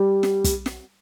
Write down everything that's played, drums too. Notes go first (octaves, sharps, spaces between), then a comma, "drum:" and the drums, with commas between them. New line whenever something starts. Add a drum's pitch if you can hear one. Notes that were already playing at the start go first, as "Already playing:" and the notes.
Already playing: G3
drum: snare
drum: kick, hi-hat
drum: snare